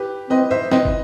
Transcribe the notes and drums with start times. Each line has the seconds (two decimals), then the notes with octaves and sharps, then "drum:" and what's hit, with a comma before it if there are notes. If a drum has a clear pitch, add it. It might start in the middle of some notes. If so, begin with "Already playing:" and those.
Already playing: G4 B4
0.30 C4 B4 D#5
0.51 C5 E5
0.72 C4 B4 D#5, drum: snare
0.85 drum: kick